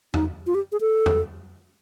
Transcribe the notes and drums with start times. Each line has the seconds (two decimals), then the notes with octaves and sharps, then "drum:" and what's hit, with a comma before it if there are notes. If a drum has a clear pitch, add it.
0.14 D#4, drum: tom E2
0.47 F4
0.55 G4
0.72 G#4
0.81 A4
1.06 drum: tom E2